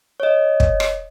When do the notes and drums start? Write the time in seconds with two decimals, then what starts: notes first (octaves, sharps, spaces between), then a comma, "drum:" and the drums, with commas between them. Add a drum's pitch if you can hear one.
0.20 C#5 D#5
0.60 drum: kick
0.80 drum: rim click